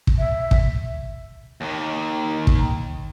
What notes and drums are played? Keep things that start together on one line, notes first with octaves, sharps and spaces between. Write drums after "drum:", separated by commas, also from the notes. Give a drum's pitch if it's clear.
drum: kick
E5
drum: kick
D#2 D#3
drum: kick